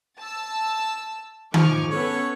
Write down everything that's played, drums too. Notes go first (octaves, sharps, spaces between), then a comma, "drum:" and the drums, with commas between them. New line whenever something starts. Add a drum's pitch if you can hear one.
A5 E6
F3 D#4 G#5 C#6 D6 F6, drum: tom D#3
B3 C#4 A4 B4 C#5